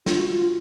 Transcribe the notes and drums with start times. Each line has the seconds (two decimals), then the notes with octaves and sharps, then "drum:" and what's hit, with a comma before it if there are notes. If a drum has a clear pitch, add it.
0.06 F4, drum: snare
0.19 F#4
0.30 F4